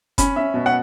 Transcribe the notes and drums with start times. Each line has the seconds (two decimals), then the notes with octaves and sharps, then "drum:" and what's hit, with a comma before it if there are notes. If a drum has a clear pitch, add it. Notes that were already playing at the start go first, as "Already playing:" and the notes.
0.18 C#4 B5, drum: kick F#1, hi-hat
0.36 C#4 E5
0.54 B2
0.66 F#5